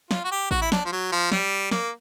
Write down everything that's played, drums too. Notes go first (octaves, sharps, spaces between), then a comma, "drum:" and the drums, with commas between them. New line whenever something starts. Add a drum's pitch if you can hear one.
F4, drum: snare
F#4
G4
F#4, drum: kick A1
E4
D4, drum: snare
F3
F#3
F3
G3, drum: snare
A#3, drum: snare